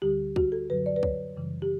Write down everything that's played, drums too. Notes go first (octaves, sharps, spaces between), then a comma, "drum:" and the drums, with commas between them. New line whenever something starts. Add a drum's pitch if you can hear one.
D2 D3 G3 G4
F#4, drum: kick C#2
A4
F#2 D3 F#3 B4
D5
B4
C#5, drum: kick C#2
F#2 C#3 E3 G3
G4